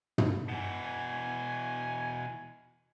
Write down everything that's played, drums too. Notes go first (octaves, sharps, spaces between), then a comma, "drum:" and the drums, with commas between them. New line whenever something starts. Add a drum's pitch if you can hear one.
drum: tom
B2 E3 G#5